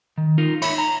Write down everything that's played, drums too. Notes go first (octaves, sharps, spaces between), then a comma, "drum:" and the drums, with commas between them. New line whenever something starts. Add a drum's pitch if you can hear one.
D#3
D#4 F4 A#4
D#4 C#5 E5 B5, drum: cymbal
A#5